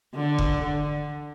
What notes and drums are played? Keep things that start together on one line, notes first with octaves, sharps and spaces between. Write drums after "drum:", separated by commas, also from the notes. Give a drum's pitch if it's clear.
D3
drum: kick F1
D3